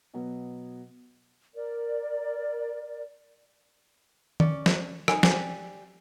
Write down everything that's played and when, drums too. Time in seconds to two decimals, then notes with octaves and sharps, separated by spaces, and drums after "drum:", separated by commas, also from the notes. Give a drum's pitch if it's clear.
0.14 B2 F#3 B3
1.54 A#4 D5
4.40 C#4 D5, drum: tom D#3
4.66 drum: snare
5.08 D#4 A4 G#5, drum: rim click
5.23 G4 D5 G#5, drum: snare